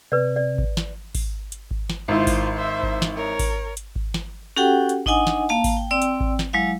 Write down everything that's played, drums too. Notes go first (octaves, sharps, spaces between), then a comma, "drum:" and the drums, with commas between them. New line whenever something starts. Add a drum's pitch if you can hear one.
C3 B4 D5
D5
drum: kick G#1
drum: snare
drum: kick G#1, open hi-hat
drum: hi-hat
drum: kick G#1
drum: snare
G#1 E4 F4 C5
drum: kick G#1, open hi-hat
C5 E5
drum: kick G#1
drum: snare
A#4 C#5
drum: kick G#1, open hi-hat
drum: hi-hat
drum: kick G#1
drum: snare
C#4 F#4 G4 A4 F#5 G5
drum: hi-hat
D4 D#4 D#5 F#5 G#5 D#6, drum: kick G#1
drum: snare
A#3 F5 A5
drum: kick G#1, open hi-hat
G5
C4 D5 G5 E6
drum: hi-hat
drum: kick G#1
drum: snare
F#3 G#3 E4 F5